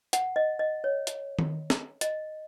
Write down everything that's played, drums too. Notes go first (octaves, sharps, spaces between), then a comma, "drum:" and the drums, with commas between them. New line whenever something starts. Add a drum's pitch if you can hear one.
F#5, drum: hi-hat
D#5
D#5
C#5
drum: hi-hat
drum: tom D#3
drum: snare
D#5, drum: hi-hat